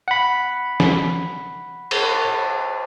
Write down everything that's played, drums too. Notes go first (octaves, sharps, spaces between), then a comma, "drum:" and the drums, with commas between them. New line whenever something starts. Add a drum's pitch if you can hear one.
F#5 B5
drum: snare
drum: cymbal